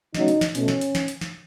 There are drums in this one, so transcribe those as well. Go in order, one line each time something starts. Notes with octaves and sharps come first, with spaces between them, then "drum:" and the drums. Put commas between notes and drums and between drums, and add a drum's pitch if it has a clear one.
C#3 F#3 A3 D#4, drum: snare
drum: hi-hat
drum: snare
B2 A3 C#4, drum: hi-hat
drum: snare
drum: hi-hat
drum: snare
drum: hi-hat
drum: snare